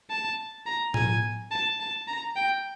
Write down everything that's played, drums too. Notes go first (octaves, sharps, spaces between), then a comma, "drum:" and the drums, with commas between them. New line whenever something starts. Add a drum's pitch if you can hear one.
A5
A#5
G#5, drum: tom A2
A5
A5
A#5
G5